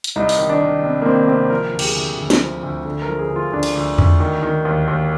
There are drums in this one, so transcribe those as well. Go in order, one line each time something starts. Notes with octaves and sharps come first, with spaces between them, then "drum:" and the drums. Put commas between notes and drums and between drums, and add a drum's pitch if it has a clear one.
drum: hi-hat
C2 D#4
drum: open hi-hat
D#3
D4
D#3
C3
A#3
D#3 C4
C3 C4
F3 A#4
D2
G4, drum: cymbal
G#4
D2
D2
drum: snare
F3
D2
D3
A#4
F3
G#4
D2
F4
D2 D4
drum: cymbal
D2
D2, drum: tom E2
D#3
D#3
D#2
D#2